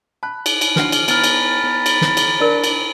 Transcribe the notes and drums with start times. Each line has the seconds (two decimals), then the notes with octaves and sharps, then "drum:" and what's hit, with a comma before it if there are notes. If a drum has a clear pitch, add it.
0.23 A5 B5 F#6
0.46 drum: cymbal
0.61 drum: cymbal
0.76 D4 F#4 F#5 F6, drum: snare
0.92 drum: cymbal
1.08 B3 A#5 B5 F6 A6, drum: cymbal
1.24 drum: cymbal
1.64 B3
1.86 drum: cymbal
2.01 drum: snare
2.17 drum: cymbal
2.40 D4 A#4 D5
2.64 drum: cymbal